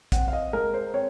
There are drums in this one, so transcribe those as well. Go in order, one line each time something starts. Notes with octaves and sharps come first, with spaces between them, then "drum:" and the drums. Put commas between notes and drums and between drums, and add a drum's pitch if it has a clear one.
C4 F#5, drum: kick, hi-hat
F5
D#5
G#3 A#4
C5
C4 C#5